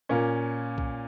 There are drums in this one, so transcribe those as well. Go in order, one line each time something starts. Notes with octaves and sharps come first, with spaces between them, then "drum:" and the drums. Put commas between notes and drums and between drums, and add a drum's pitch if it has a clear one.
A#2 A#3 C#4
drum: kick B1